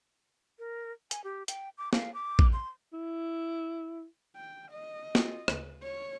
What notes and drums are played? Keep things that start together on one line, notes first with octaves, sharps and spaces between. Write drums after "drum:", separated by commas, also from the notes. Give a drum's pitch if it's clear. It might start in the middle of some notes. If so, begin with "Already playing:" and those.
A#4
G#5, drum: hi-hat
G4
G5, drum: hi-hat
D6
F5, drum: snare
D6
drum: kick A1
C6
E4
G5
D#5
C4 F4 F#4, drum: snare
D2 C#3 B4, drum: rim click
C#5